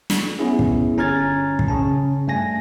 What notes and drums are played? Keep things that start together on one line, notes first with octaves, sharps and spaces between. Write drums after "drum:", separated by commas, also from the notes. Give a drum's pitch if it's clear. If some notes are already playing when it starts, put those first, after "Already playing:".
drum: snare
B3 C#4 E4 G#4
drum: kick
G1 C#4 A#5 F6 G#6 A6
drum: kick
C#3 C#4 A5
G2 A3 G#5 A#6